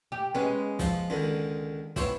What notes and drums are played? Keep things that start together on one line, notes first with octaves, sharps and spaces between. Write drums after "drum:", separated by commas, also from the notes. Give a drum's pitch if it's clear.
G4
G#3 B3 C#4
F3, drum: snare
C#2 D3 D#3
B3 C4 E4 C#5, drum: snare